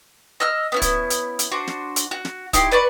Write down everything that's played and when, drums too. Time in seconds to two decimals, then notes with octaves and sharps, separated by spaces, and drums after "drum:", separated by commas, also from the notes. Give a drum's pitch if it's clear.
0.40 D#5 E6 F6
0.72 B3 C#4 E4
0.82 drum: kick, hi-hat
1.10 drum: hi-hat
1.39 drum: hi-hat
1.52 D4 F#4 C5
1.67 drum: snare
1.96 drum: hi-hat
2.11 F#4
2.25 drum: snare
2.53 D#4 E4 G4 C6, drum: kick, hi-hat
2.71 B4 D5 B5 C#6